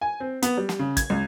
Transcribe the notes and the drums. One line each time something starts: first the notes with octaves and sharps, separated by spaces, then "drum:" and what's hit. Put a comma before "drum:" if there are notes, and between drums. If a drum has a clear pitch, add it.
G#5
C4
B3, drum: hi-hat
G3
drum: snare
C#3
G#6, drum: kick, hi-hat
C#2